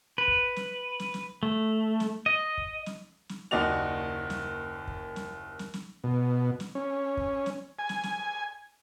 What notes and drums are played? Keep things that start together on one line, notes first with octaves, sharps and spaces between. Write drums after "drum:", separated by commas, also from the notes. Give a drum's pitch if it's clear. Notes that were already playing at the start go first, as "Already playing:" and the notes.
B4
drum: kick
drum: snare
drum: snare
drum: snare
A3
drum: snare
D#5
drum: kick
drum: snare
drum: snare
F#1 D#2 D#4 F#4 D5 F7
drum: snare
drum: kick
drum: snare
drum: snare
drum: snare
B2
drum: snare
C#4
drum: kick
drum: snare
G#5
drum: snare
drum: snare